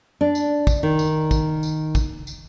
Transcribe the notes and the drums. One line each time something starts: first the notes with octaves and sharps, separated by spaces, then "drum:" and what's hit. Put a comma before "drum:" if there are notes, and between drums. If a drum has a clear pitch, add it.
D4
drum: tambourine
drum: kick, tambourine
D#3
drum: tambourine
drum: kick, tambourine
drum: tambourine
drum: kick, tambourine
drum: tambourine